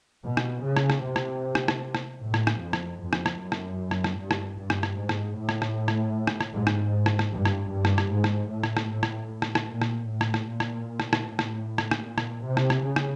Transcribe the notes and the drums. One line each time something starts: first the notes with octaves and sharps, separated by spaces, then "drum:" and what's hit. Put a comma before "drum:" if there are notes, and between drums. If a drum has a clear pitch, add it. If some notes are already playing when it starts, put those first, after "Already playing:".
B2
drum: rim click
C#3
drum: rim click
drum: rim click
C3
drum: rim click
drum: rim click
drum: rim click
drum: rim click
A2
drum: rim click
drum: rim click
F2
drum: rim click
F2
drum: rim click
drum: rim click
F#2
drum: rim click
drum: rim click
drum: rim click
G2
drum: rim click
G2
drum: rim click
drum: rim click
G#2
drum: rim click
A2
drum: rim click
drum: rim click
drum: rim click
drum: rim click
drum: rim click
G#2
drum: rim click
drum: rim click
drum: rim click
G2
drum: rim click
G2
drum: rim click
drum: rim click
G#2
drum: rim click
A2
drum: rim click
drum: rim click
A2
drum: rim click
drum: rim click
drum: rim click
A#2
drum: rim click
A2
drum: rim click
drum: rim click
A#2
drum: rim click
drum: rim click
drum: rim click
A2
drum: rim click
drum: rim click
drum: rim click
A#2
drum: rim click
C3
drum: rim click
drum: rim click
C#3
drum: rim click